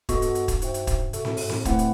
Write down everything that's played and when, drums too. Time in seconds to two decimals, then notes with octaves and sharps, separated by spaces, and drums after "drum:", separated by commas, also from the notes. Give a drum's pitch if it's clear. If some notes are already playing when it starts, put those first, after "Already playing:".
0.09 G2 B3 F#4 A4 D#5, drum: kick, hi-hat
0.22 drum: hi-hat
0.35 drum: hi-hat
0.48 drum: kick, hi-hat
0.62 D#4 F#4 C5 E5 G5, drum: hi-hat
0.74 drum: hi-hat
0.87 drum: kick, hi-hat
1.13 B2 F#4 A4 E5, drum: hi-hat
1.25 A2, drum: snare C4
1.37 G2, drum: open hi-hat
1.50 A2, drum: snare C4
1.65 A3 C4 E4 B4 F#5, drum: kick, hi-hat
1.79 drum: hi-hat